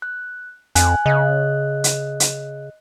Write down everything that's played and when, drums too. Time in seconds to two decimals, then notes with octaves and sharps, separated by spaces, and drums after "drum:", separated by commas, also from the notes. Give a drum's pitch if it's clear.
0.02 F#6
0.75 F2 G#5 F#6, drum: hi-hat
1.06 C#3 D#5 F#6
1.84 drum: hi-hat
2.20 drum: hi-hat